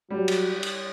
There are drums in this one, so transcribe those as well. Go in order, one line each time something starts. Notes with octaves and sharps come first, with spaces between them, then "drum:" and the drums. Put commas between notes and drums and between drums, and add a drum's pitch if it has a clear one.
F#3 G3
drum: cymbal
drum: cymbal